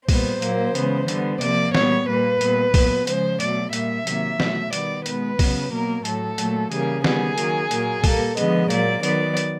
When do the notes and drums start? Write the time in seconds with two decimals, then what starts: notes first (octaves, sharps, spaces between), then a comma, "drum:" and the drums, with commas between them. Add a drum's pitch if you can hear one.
0.09 A#2 G3 B3 C5, drum: kick, open hi-hat
0.42 A#2 F#3 A#3, drum: hi-hat
0.75 C#3 E3 G#3 B3, drum: hi-hat
1.08 D3 G3 B3, drum: hi-hat
1.41 C3 F3 A#3 D5, drum: hi-hat
1.75 A#2 G3 B3 C#5, drum: snare
2.07 A#2 G3 A#3 B4
2.41 A#2 G3 B3, drum: hi-hat
2.74 A#2 F#3 B3, drum: kick, open hi-hat
3.07 C#3 F3 G#3 C5, drum: hi-hat
3.40 B2 F#3 A3 D5, drum: hi-hat
3.73 A#2 G3 A#3 E5, drum: hi-hat
4.07 C3 D#3 F#3 A#3, drum: hi-hat
4.40 B2 F#3 A3, drum: snare
4.73 D#3 G3 B3 D5, drum: hi-hat
5.06 B2 G#3 B3 B4, drum: hi-hat
5.39 C#3 F#3 B3, drum: kick, open hi-hat
5.72 B2 F#3 A#3 A#4
6.05 A2 F#3 A3 A4, drum: hi-hat
6.38 A#2 F#3 A3, drum: hi-hat
6.72 C#3 E3 G3 A#3 G#4, drum: hi-hat
7.04 D#3 G3 B3 G#4, drum: snare
7.38 D#3 F#3 A#3, drum: hi-hat
7.71 A#2 F#3 A#3, drum: hi-hat
8.04 A#2 G3 A#3 A4, drum: kick, open hi-hat
8.37 D3 F3 G#3 B3 D#5, drum: hi-hat
8.70 A#2 F#3 A#3 D5, drum: hi-hat
9.03 D#3 F#3 B3 D5, drum: hi-hat
9.37 drum: hi-hat